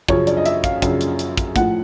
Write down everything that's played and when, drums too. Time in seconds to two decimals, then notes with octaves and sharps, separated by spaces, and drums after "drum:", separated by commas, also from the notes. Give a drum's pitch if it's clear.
0.08 F#2 C#3 F3 C#5, drum: kick
0.27 D5, drum: hi-hat
0.37 D#5
0.46 E5, drum: hi-hat
0.64 F5, drum: kick, hi-hat
0.82 F#2 C#3 F3, drum: kick, hi-hat
1.01 drum: hi-hat
1.19 drum: hi-hat
1.37 drum: kick, hi-hat
1.56 A2 F3 F#5, drum: kick, hi-hat